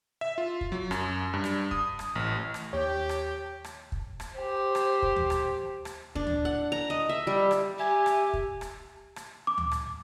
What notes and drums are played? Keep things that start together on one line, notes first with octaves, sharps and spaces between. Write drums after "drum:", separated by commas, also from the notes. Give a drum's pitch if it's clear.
E5
F4
drum: kick
F#3
F#2, drum: rim click
G2
drum: rim click
D#6, drum: kick
drum: rim click
A1
drum: rim click
D#2 G4 C#5
drum: rim click
drum: rim click
drum: kick
drum: rim click
G4 C5
drum: rim click
drum: kick
drum: tom D2
drum: rim click
drum: rim click
D4, drum: kick
drum: tom D2
F#5
A#5
D#5
E5
G3
drum: rim click
G4 E5 G#5
drum: rim click
drum: kick
drum: rim click
drum: rim click
D6
drum: tom D2
drum: rim click